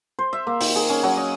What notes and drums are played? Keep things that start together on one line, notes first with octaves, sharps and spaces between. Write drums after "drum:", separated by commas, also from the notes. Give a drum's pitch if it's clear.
C5
E5
A#3
D#3, drum: open hi-hat
G#4
C#4
F#3
D#5